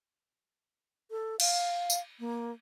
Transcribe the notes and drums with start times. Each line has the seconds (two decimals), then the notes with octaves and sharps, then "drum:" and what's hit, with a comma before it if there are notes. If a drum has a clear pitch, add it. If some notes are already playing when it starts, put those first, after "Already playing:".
1.11 A4
1.40 F5, drum: cymbal
1.90 drum: tambourine
2.19 A#3